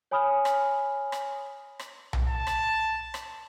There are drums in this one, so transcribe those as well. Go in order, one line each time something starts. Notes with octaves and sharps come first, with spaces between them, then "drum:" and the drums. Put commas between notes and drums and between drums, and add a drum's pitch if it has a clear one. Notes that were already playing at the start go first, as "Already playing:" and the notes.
C#5 G#5 B5 D#6 F6
drum: rim click
drum: rim click
drum: rim click
drum: tom B1
A5
drum: rim click
drum: rim click